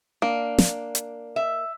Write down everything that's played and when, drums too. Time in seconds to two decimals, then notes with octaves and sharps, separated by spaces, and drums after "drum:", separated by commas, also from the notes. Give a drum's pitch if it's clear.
0.22 A#3 D4
0.58 drum: snare
0.95 drum: hi-hat
1.36 E5